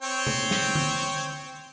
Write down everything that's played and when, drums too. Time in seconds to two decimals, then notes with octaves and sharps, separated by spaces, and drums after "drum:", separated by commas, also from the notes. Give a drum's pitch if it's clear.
0.02 C4 C#5 G5
0.27 drum: tom C3
0.51 drum: snare
0.75 drum: tom D3